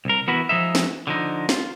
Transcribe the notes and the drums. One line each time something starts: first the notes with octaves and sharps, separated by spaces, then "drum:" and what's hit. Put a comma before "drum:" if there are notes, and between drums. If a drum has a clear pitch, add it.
C2 A#4
E3 B3 E4 F#4 A#4 B4
F3 G#3 D#4 E5
drum: snare
D3 F3 D#4
F4, drum: snare